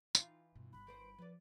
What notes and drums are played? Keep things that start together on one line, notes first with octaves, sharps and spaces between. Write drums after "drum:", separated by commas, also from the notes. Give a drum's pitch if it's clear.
E3 D#4 F4, drum: tambourine
G2 B2
G1 G3 B5 F#6
D#3 B4 C5 D7
F3 B4 D5